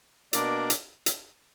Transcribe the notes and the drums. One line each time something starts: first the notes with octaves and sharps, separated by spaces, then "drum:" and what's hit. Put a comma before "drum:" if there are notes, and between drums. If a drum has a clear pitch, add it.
B2 A#3 D4 A#4 D5, drum: hi-hat
drum: hi-hat
drum: hi-hat